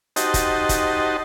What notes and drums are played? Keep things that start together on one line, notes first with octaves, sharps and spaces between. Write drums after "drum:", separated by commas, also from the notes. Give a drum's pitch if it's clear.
D#4 F#4 G4 C5 D#5 A5, drum: hi-hat
drum: kick, hi-hat
drum: kick, hi-hat